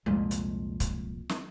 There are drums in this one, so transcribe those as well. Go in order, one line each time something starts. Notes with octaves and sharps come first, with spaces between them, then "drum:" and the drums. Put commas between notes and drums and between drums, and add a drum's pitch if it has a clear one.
C2 F2 A#2 G#3
drum: hi-hat
drum: kick, hi-hat
drum: snare